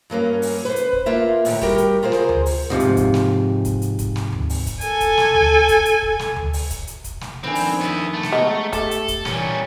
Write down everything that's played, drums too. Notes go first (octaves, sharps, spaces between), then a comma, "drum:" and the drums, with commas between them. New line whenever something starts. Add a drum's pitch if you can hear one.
G2 F#3 A#3 C#4
drum: open hi-hat
B4 C5
drum: hi-hat
drum: kick
A#3 F4 E5
A2 D3 D#3, drum: open hi-hat
G3 F#4 G4 A#4, drum: kick
drum: hi-hat
F4 G#4 A#4 C5
drum: snare
drum: tom D2
drum: open hi-hat
G#2 C3 F3
drum: hi-hat
drum: kick, hi-hat
drum: snare
drum: kick, hi-hat
drum: hi-hat
drum: kick, hi-hat
drum: snare
drum: tom D2
drum: open hi-hat
drum: kick, hi-hat
A4 G#5, drum: hi-hat
drum: kick, hi-hat
drum: snare
drum: tom D2
drum: kick, hi-hat
drum: hi-hat
drum: kick
drum: snare
drum: tom D2
drum: open hi-hat
drum: kick, hi-hat
drum: hi-hat
drum: kick, hi-hat
drum: snare
F2 D#3 B3 C4 D4 G#5
drum: open hi-hat
B3 E4 D#5 E5
A3
drum: snare
G#3 B3 A#5
A3 G4 A4, drum: kick, hi-hat
drum: hi-hat
drum: kick, hi-hat
A#2 E3 G3 C#4, drum: snare